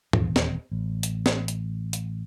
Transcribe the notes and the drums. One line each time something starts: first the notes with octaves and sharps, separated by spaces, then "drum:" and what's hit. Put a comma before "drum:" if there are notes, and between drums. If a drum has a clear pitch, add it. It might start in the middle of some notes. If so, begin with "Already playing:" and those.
D#1 E2, drum: tom G#2
drum: snare
A1
drum: hi-hat
drum: snare
drum: hi-hat
drum: hi-hat